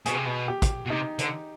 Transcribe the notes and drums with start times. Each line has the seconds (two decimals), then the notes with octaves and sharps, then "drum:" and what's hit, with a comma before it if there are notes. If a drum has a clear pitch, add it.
0.06 B2 G#4, drum: hi-hat
0.15 C3
0.25 B2
0.48 G4
0.62 drum: kick, hi-hat
0.86 B2
0.90 C3 D#4
1.19 D3, drum: hi-hat